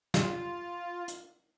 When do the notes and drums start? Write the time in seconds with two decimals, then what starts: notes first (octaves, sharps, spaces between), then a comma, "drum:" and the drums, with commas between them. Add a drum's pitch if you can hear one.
0.14 F4, drum: snare
1.08 drum: hi-hat